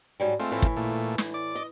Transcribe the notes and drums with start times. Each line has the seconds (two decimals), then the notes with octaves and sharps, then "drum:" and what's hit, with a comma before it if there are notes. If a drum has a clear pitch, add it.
0.20 G#2 F#3 G3
0.39 G#3 A3 C4 F4
0.52 A2 E3
0.62 drum: kick
0.76 A#2 A3
1.18 drum: snare
1.34 D5 D6
1.55 D#5